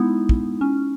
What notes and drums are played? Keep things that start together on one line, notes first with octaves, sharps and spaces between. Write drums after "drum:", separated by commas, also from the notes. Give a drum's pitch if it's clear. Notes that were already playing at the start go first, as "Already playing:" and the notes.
Already playing: G#3 B3 D#4 E4
drum: kick
C#4